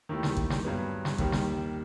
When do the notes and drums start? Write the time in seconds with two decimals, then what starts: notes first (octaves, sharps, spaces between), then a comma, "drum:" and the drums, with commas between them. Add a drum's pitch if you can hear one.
0.09 D#2 D#3 A3 E4 G4
0.23 drum: snare
0.37 drum: kick
0.50 drum: snare
0.64 G2 F#3 B3
1.05 drum: snare
1.18 D#2 D#3 G3, drum: kick
1.32 drum: snare